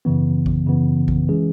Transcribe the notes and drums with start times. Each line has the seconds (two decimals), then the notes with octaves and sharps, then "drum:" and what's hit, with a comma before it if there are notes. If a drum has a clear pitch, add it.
0.05 F#2 C#3 E3 B3
0.46 drum: kick A#1
0.67 F#2 C#3 E3 B3
1.08 drum: kick A#1
1.29 E3 G#3 C#4 G#4